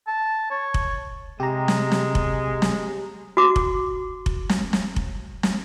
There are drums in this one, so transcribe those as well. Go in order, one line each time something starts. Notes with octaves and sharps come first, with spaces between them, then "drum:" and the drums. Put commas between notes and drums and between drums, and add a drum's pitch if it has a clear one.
A5
C#5
drum: kick F1
C3 G#3 G4 A#5
drum: snare
drum: snare
drum: kick F1
drum: snare
F#4 D6
drum: kick F1
drum: kick F1
drum: snare
drum: snare
drum: kick F1
drum: snare